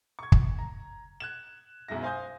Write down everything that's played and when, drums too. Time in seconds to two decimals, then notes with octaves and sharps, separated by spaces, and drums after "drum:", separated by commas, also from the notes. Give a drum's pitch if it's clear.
0.19 C#6 G#6
0.32 drum: kick
0.59 A#5
1.20 F#6 G#6 E7
1.88 B1 F#2 G#3 E4 A#6
2.02 C5 F5 G#5 C6 D#6 G6